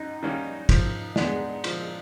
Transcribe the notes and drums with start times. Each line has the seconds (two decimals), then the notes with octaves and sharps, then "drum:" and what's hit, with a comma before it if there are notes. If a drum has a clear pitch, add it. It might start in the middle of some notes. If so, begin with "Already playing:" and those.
Already playing: F#2 D#4
0.23 D#3 G3 A#3 C#4
0.69 F3, drum: kick, cymbal
1.16 G#3 B3 D4, drum: snare
1.64 F3, drum: cymbal